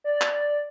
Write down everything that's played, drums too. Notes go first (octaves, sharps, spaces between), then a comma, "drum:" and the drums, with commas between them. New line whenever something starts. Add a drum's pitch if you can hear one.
D5
drum: clap